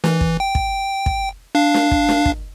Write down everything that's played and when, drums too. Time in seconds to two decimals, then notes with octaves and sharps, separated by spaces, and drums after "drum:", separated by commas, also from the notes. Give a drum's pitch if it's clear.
0.04 E3, drum: snare
0.21 drum: kick
0.40 G5
0.55 drum: kick
1.06 drum: kick
1.55 D4 F5
1.74 drum: snare
1.91 drum: kick
2.08 drum: snare
2.26 drum: kick